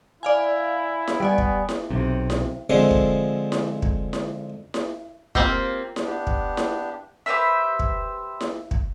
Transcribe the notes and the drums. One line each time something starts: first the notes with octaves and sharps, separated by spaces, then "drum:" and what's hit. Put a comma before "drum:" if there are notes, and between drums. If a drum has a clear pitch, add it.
E4 D5 F5 G#5
drum: snare E4
G3 B3 D5 G#5
drum: kick
drum: snare E4
B1 C3
drum: snare E4
D3 F3 G#3 C4 G#4 A4
drum: kick
drum: snare E4
drum: kick
drum: snare E4
drum: snare E4
A#3 C4 F4 G4, drum: kick
drum: snare E4
B3 D4 G4
drum: kick
drum: snare E4
G4 B4 C5 E5
drum: kick
drum: snare E4
drum: kick